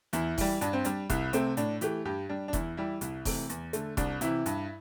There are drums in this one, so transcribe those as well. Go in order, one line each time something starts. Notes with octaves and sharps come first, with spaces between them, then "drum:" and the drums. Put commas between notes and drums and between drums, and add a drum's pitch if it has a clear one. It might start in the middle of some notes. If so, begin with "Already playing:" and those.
E2 E4, drum: hi-hat
E3 G3, drum: kick E1, open hi-hat
G2 D4, drum: hi-hat
C4
G3 D4, drum: hi-hat
C2 E4, drum: kick E1, hi-hat
C3 A3 C4, drum: hi-hat
A2 D4, drum: hi-hat
E3 A3 G4, drum: hi-hat
G2 G4
G3 D4
D4
E2 E4, drum: kick E1, hi-hat
E3 G3 E4
C2 E4, drum: hi-hat
C3 E3 A3, drum: kick E1, open hi-hat
E2, drum: hi-hat
D3 A3, drum: hi-hat
C2 D4, drum: kick E1, hi-hat
C3 E3 E4, drum: hi-hat
G2, drum: hi-hat